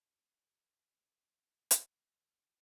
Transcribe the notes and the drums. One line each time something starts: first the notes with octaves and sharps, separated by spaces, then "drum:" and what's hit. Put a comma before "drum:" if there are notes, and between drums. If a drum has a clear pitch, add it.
G#2 G3
drum: hi-hat